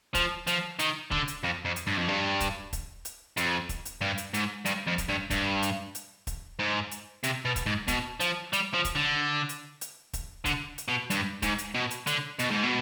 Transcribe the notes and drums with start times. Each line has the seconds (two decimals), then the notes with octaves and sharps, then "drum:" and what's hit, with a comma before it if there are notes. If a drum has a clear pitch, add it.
0.15 F3, drum: kick, hi-hat
0.47 F3, drum: hi-hat
0.79 D#3, drum: hi-hat
1.11 D3, drum: kick
1.28 drum: hi-hat
1.44 F2
1.65 F2
1.76 drum: hi-hat
1.87 G2
1.97 F2
2.08 G2
2.40 drum: kick, hi-hat
2.73 drum: kick, hi-hat
3.05 drum: hi-hat
3.37 F2, drum: hi-hat
3.69 drum: kick, hi-hat
3.85 drum: hi-hat
4.01 G2
4.18 drum: hi-hat
4.34 G#2, drum: hi-hat
4.66 G2, drum: hi-hat
4.87 F2
4.98 drum: kick, hi-hat
5.09 G2
5.30 G2, drum: kick, hi-hat
5.62 drum: hi-hat
5.95 drum: hi-hat
6.27 drum: kick, hi-hat
6.59 G#2
6.91 drum: hi-hat
7.23 C3, drum: hi-hat
7.45 B2
7.56 drum: kick, hi-hat
7.66 G#2
7.88 B2, drum: kick, hi-hat
8.20 F3, drum: hi-hat
8.53 G3, drum: hi-hat
8.74 F3
8.85 drum: kick, hi-hat
8.95 D3
9.49 drum: hi-hat
9.81 drum: hi-hat
10.13 drum: kick, hi-hat
10.46 D3, drum: kick, hi-hat
10.78 drum: hi-hat
10.88 B2
11.10 G2, drum: hi-hat
11.42 G#2, drum: kick, hi-hat
11.58 drum: hi-hat
11.74 B2
11.91 drum: hi-hat
12.07 D3, drum: hi-hat
12.39 B2, drum: hi-hat
12.51 G#2
12.63 B2